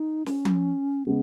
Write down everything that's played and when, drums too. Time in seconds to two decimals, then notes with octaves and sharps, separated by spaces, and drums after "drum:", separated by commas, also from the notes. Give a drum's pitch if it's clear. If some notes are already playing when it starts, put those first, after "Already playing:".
Already playing: D#4
0.26 C#4, drum: snare
0.45 drum: tom F3
1.06 C#3 G#3 B3